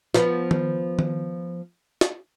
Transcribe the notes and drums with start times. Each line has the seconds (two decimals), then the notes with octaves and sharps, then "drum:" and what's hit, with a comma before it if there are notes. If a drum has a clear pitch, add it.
0.14 F3 B3, drum: snare
0.51 drum: tom D#3
0.99 drum: tom D#3
2.01 drum: snare